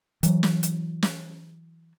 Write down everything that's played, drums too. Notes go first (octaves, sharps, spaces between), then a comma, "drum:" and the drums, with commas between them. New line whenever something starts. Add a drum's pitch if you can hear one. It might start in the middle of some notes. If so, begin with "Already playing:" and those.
E3 F#3, drum: hi-hat
drum: snare
drum: hi-hat
drum: snare